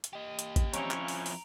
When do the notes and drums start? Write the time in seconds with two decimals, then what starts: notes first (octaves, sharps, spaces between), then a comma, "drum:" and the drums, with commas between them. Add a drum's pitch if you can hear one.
0.04 drum: hi-hat
0.13 G4 D#5
0.39 drum: hi-hat
0.56 drum: kick A1, hi-hat
0.74 F2 F3 C#4 E4 C#5 A#5 D7 F7, drum: hi-hat
0.91 drum: clap
1.08 drum: open hi-hat
1.26 drum: open hi-hat